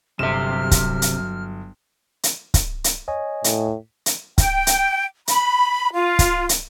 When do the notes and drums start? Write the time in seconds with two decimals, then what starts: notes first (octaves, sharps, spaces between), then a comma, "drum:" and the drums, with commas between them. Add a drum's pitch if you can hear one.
0.19 G1 C3 F#3 E5 F6 E7
0.71 drum: kick, hi-hat
1.02 drum: hi-hat
2.23 drum: hi-hat
2.54 drum: kick, hi-hat
2.84 drum: hi-hat
3.08 C#5 D#5 G#5
3.44 A2, drum: hi-hat
4.06 drum: hi-hat
4.38 G5, drum: kick, hi-hat
4.67 drum: hi-hat
5.28 B5, drum: hi-hat
5.93 F4
6.19 drum: kick, hi-hat
6.49 drum: hi-hat